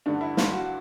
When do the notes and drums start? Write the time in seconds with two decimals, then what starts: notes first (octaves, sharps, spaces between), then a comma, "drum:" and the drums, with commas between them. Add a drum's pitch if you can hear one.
0.06 G2 D3 D4
0.21 E4
0.37 F4, drum: snare
0.52 F#4